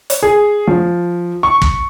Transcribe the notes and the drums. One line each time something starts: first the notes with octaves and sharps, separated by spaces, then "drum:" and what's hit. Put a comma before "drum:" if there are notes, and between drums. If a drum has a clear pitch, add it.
drum: hi-hat
G#4
F3
C#6
drum: kick